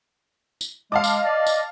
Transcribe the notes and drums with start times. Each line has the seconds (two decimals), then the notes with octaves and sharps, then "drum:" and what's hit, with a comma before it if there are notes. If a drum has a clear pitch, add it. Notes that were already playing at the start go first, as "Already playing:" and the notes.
0.61 drum: tambourine
0.92 G#3 D#5 F5 A5 D6
1.04 drum: tambourine
1.25 D5
1.47 drum: tambourine